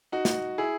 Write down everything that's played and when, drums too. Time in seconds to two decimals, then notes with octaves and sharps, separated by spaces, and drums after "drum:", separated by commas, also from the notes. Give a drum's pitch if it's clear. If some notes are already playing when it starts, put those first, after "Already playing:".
0.12 D#4 F#4
0.25 drum: snare
0.58 E4 G#4